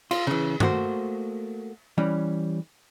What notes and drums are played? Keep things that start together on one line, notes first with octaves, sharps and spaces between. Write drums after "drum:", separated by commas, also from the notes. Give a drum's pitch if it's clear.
F4, drum: cymbal
C#3 E3
A3 A#3 F#4 C5, drum: tom G2
E3 G3 C#4